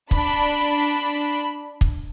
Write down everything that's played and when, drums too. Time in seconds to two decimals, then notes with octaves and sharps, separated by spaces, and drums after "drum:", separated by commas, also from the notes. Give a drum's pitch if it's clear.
0.11 D4 B5, drum: kick
1.81 drum: kick